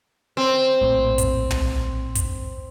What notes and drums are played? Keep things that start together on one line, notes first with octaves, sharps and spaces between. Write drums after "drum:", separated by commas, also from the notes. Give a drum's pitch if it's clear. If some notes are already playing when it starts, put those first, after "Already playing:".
C4
A#1 A2
drum: kick, hi-hat
drum: tom
drum: kick, hi-hat